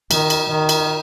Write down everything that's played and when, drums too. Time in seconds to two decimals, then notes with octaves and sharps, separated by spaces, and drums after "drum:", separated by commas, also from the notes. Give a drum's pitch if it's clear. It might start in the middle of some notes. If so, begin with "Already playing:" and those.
0.11 D#3, drum: cymbal
0.30 drum: cymbal
0.49 D#3
0.69 drum: cymbal